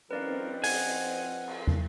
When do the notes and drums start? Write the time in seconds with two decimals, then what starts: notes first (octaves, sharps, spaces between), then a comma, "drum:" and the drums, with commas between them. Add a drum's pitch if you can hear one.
0.11 F3 C4 A#4 B4 D5 D#5 F5, drum: cymbal
0.64 F#5 G#5, drum: open hi-hat
1.48 drum: cymbal
1.67 drum: tom